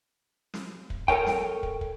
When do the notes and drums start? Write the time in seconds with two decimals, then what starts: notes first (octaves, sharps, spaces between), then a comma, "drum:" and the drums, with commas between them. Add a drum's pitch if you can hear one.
0.54 drum: snare
0.90 drum: kick
1.08 A4 A#4 C#5 G5, drum: kick
1.26 drum: snare
1.63 drum: kick
1.81 drum: kick